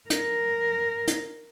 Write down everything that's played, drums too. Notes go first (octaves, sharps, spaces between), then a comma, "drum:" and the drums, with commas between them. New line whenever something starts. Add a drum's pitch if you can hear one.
A#4, drum: hi-hat
drum: hi-hat